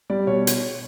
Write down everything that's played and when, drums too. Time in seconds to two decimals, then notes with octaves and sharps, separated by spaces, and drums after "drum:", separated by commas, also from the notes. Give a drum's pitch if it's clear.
0.10 G3 D5
0.27 B2 C#5
0.47 drum: hi-hat